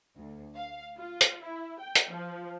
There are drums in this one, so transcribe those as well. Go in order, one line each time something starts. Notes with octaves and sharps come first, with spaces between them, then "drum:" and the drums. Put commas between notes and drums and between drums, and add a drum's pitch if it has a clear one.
D2
F5
F4
drum: hi-hat
E4
G5
drum: hi-hat
F3